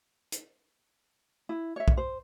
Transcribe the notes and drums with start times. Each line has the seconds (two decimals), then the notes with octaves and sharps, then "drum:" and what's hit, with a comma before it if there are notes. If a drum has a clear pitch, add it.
0.32 drum: hi-hat
1.49 E4
1.76 C#5 E5
1.88 drum: kick
1.97 C5